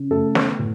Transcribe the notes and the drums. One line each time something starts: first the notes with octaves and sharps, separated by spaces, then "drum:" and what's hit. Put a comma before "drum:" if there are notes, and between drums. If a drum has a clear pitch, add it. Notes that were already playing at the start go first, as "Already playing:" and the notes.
Already playing: C#3
A3 A4
B3, drum: snare
A2